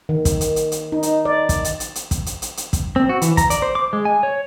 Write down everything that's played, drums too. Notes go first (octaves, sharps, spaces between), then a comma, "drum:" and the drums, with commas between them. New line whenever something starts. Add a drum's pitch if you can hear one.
D#3
drum: kick, hi-hat
drum: hi-hat
drum: hi-hat
drum: hi-hat
D#4
drum: hi-hat
D5
drum: kick, hi-hat
drum: hi-hat
drum: hi-hat
drum: hi-hat
drum: kick, hi-hat
drum: hi-hat
drum: hi-hat
drum: hi-hat
drum: kick, hi-hat
C4
F#4
E3, drum: hi-hat
A#5, drum: kick, hi-hat
D5, drum: hi-hat
C5
D6
G#3
G#5
C#5